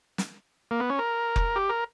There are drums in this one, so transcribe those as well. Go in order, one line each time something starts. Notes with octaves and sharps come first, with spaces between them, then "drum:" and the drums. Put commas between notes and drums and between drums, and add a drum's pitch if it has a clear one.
drum: snare
A#3
B3
C#4
A#4
drum: kick F1
G4
A#4